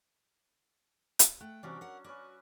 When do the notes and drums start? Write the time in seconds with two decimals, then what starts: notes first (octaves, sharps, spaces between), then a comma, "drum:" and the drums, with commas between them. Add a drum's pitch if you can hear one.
1.19 drum: hi-hat
1.40 A3 F#5 G5
1.63 C3 E3 F#3 G3 C#4 D4
1.81 A#4 F#5
2.04 C#4 F#4 B4 D5